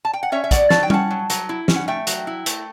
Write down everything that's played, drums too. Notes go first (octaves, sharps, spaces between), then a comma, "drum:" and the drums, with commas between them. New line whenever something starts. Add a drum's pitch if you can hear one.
A5
G5
F#5
C#4 C#5 E5
E5
F#3 D5 F#5, drum: kick, hi-hat
F#3 A5, drum: snare
G5
C#4 F#5 A5, drum: tom G3
F#3
F#3, drum: hi-hat
E4
C#4, drum: snare
F#5
A3 E5 G5
F#3, drum: hi-hat
E4
A3, drum: hi-hat